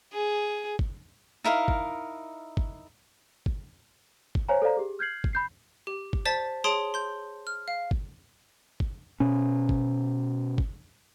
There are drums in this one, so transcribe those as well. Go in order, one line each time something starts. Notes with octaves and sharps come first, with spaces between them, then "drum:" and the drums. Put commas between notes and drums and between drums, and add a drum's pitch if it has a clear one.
G#4
drum: kick
D#4 E4 A#4 F5
drum: kick
drum: kick
drum: kick
drum: kick
C5 C#5 F5 G#5 A#5
A4 C5 D5 F5 A#5
G4 G#4
F6 G6 G#6 C7 F#7
drum: kick
B5 G6 C7
G4
drum: kick
C5 D5 A5 A6 B6
G#4 C#5 A5 C6 D#6 D7
C6 G6
F6
F5
drum: kick
drum: kick
B2 C#4
drum: kick
drum: kick